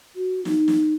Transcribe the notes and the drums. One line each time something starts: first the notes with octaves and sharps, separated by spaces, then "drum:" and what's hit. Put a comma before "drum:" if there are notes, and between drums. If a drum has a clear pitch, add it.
F#4
D#4, drum: snare
drum: snare